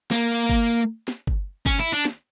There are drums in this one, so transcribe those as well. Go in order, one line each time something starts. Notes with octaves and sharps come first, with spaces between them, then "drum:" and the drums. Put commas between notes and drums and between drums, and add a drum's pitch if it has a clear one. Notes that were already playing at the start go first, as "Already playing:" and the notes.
A#3, drum: snare
drum: kick G1
drum: snare
drum: kick G1
C#4, drum: kick G1
E4
D4
drum: snare